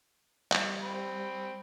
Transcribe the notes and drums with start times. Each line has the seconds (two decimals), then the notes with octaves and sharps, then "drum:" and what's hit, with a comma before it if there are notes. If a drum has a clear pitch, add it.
0.52 G3, drum: clap
0.83 C4 B5